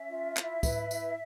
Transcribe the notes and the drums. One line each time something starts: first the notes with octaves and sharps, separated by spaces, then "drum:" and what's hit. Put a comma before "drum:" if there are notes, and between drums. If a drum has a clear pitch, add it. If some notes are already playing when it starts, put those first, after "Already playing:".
Already playing: C#4 E5
F4
E4, drum: clap
B4, drum: kick, tambourine
E4, drum: tambourine